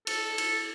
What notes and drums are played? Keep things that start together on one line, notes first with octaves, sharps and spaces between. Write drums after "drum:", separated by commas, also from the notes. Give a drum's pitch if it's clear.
A4, drum: cymbal
drum: cymbal